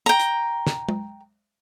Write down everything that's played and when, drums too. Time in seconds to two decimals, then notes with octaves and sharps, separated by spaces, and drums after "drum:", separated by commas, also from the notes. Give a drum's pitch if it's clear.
0.06 G5 A#5
0.19 drum: hi-hat
0.67 drum: snare
0.89 drum: tom G#3